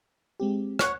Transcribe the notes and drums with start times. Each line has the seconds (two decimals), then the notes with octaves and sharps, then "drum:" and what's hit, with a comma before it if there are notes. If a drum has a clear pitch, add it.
0.40 G#3 C4 G4
0.79 C#5 F#5, drum: rim click